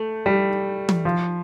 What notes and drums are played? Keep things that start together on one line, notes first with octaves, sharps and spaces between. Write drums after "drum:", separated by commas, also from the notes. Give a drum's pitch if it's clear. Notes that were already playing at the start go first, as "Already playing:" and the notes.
Already playing: A3
G3
drum: tom
F3